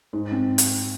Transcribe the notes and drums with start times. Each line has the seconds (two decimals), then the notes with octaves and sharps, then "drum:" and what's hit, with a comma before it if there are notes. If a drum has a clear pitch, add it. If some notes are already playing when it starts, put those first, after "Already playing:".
0.13 G#2
0.32 C4
0.58 drum: hi-hat